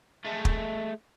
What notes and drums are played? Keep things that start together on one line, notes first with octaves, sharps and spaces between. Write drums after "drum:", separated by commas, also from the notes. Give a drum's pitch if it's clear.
G#3 A3
drum: kick